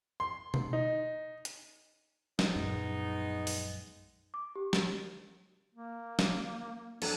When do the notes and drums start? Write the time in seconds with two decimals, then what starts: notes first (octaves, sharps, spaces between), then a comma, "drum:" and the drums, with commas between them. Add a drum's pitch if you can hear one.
0.20 C6
0.54 drum: tom B2
0.73 D#4
1.45 drum: hi-hat
2.39 G#3 B3 D#4, drum: snare
2.55 A#1 F#2
3.47 drum: open hi-hat
4.34 D6
4.56 G4
4.73 drum: snare
5.74 A#3
6.19 drum: snare
7.02 F#3 D4 A4, drum: cymbal